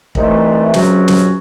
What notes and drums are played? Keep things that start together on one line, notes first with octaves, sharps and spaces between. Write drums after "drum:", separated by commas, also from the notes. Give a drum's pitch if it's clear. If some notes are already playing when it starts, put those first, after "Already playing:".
C2 C3 E3 A3 D#4, drum: kick
C#2 C3 F#3 C#4 F#4, drum: snare
drum: snare